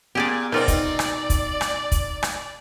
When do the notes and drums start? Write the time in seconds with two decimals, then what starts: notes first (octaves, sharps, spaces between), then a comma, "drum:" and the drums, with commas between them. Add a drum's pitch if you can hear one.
0.15 A#2 B3 G4 G#4 D5
0.52 B2 C4 D#4 F4 A#4 D5
0.68 drum: kick, hi-hat
0.99 drum: rim click
1.30 drum: kick, hi-hat
1.61 drum: rim click
1.92 drum: kick, hi-hat
2.23 drum: rim click